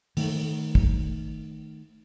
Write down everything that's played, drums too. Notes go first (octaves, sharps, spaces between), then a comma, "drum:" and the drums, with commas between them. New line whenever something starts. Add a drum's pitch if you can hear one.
D#3 A3, drum: open hi-hat
drum: kick